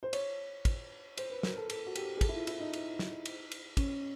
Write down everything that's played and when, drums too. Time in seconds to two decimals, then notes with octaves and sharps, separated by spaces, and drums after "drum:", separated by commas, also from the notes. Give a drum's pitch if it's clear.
0.03 C5
0.13 C#5, drum: cymbal
0.65 drum: kick, cymbal
1.17 C5, drum: cymbal
1.30 B4
1.43 A#4, drum: snare
1.57 A4
1.70 A4, drum: cymbal
1.86 F#4
1.95 G4, drum: cymbal
2.17 G#4
2.21 A4, drum: kick, cymbal
2.29 E4
2.34 F4
2.47 E4, drum: cymbal
2.60 D#4
2.73 drum: cymbal
2.99 drum: snare
3.25 drum: cymbal
3.52 drum: cymbal
3.77 C#4, drum: kick, cymbal